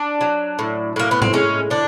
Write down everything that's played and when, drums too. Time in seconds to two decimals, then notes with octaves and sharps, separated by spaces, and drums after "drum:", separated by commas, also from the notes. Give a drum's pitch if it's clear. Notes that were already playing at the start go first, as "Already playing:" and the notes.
Already playing: D4
0.21 F#3
0.59 A2
0.96 A2 A#3
1.11 B3
1.22 C4, drum: tom G#2
1.33 G#3 C#4
1.70 D3 D4